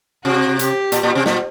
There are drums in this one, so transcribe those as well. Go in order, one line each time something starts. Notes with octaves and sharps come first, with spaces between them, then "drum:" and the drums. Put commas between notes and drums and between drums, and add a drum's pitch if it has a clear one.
C3 F#4
G4, drum: hi-hat
A#2, drum: hi-hat
A#2
C3
A#2, drum: snare